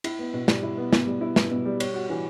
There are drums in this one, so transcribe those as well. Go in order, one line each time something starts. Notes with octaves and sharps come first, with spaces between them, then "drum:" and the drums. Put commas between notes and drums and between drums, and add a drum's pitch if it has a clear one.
E4, drum: cymbal
B3
B2
G3, drum: snare
E4
B3
B2, drum: snare
G3
E4
B3, drum: snare
B2
G3
C#5, drum: cymbal
F#4
E3